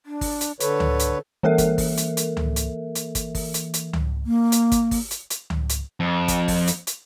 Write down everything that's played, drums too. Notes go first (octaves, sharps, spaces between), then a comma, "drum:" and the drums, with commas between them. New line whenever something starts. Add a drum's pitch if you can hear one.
D4
drum: kick, open hi-hat
drum: hi-hat
D3 A4 B4 C#5, drum: hi-hat
drum: tom C#2
drum: hi-hat
E3 A#3 A4 A#4 E5
drum: kick, hi-hat
drum: kick, open hi-hat
drum: hi-hat
drum: hi-hat
drum: tom C#2
drum: hi-hat
drum: hi-hat
drum: kick, hi-hat
drum: kick, open hi-hat
drum: hi-hat
drum: hi-hat
drum: tom C#2
A#3
drum: hi-hat
drum: kick, hi-hat
drum: kick, open hi-hat
drum: hi-hat
drum: hi-hat
drum: tom C#2
drum: hi-hat
F2
drum: kick, hi-hat
drum: kick, open hi-hat
drum: hi-hat
drum: hi-hat